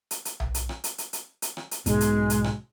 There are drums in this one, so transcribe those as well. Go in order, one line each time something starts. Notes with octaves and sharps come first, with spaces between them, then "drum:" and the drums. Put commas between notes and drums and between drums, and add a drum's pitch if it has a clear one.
drum: hi-hat
drum: hi-hat
drum: tom B1
drum: hi-hat
drum: rim click
drum: hi-hat
drum: hi-hat
drum: hi-hat
drum: hi-hat
drum: rim click
drum: hi-hat
B1 G#2 B2 G#3, drum: hi-hat
drum: hi-hat
drum: hi-hat
drum: rim click